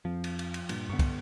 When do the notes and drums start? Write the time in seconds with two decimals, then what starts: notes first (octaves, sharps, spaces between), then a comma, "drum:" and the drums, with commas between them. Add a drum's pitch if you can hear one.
0.05 F2 F3
0.24 drum: cymbal
0.39 drum: cymbal
0.54 drum: cymbal
0.69 G2 A#2, drum: cymbal
0.89 G2 D3 B3 C#6
0.99 drum: kick, cymbal